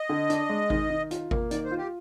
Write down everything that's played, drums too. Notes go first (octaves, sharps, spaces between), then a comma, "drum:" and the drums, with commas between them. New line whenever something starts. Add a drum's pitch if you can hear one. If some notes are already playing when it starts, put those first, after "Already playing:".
Already playing: D#5
D3
D4, drum: hi-hat
G#3
D#3, drum: kick G#1
D#3
F4, drum: hi-hat
A#3, drum: kick G#1
D#3 D5, drum: hi-hat
C5
F4
G4